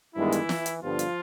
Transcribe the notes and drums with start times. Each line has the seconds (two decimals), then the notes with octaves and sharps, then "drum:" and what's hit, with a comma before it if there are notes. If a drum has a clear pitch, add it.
0.16 G2 D#3 E3 G#3 B3 E4
0.32 drum: hi-hat
0.49 drum: snare
0.66 drum: hi-hat
0.82 G2 D3 F3 G3 B3 F4
0.99 drum: hi-hat